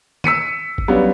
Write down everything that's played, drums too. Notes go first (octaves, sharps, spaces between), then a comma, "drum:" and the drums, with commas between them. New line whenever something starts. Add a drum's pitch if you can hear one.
E6 B6 C#7 D#7, drum: tom
drum: kick
F#3 G3 B3 C#4 D4 F4